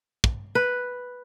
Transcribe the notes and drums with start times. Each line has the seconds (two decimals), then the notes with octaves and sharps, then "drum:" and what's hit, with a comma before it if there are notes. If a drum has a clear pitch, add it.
0.24 drum: kick
0.55 B4